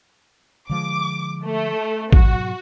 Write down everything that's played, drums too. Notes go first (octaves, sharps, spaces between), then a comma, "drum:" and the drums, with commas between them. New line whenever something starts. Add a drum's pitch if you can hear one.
D3 F3 G#3 D6
A3
G#2 B2 F#3 F#4, drum: kick A1